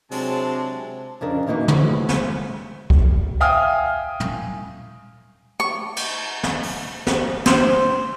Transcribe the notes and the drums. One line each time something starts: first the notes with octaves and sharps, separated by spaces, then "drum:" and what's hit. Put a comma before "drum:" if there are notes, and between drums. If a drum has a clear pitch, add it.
C3 F#3 G#3 C4 D4 A5, drum: open hi-hat
F2 C#3 D4 A#4
D#3 E3 A#3 D#4 F#4 B4
F#3 G#3 A3 C4, drum: tom
drum: snare
drum: kick
E5 F5 G5 G#5 D#6 F6
drum: tom
C#6
drum: cymbal
drum: snare
drum: open hi-hat
drum: snare
C5, drum: snare